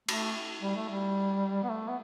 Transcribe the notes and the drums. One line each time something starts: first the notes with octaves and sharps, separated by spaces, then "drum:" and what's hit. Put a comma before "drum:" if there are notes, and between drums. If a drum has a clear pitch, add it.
A3, drum: cymbal
G3
A3
G3
B3
A3
B3